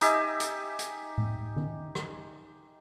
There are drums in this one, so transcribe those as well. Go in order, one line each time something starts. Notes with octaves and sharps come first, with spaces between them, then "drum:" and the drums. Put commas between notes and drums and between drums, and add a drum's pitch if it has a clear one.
D#4 G4 E5 G#5, drum: hi-hat
drum: hi-hat
drum: hi-hat
drum: tom A2
drum: tom D#3
drum: rim click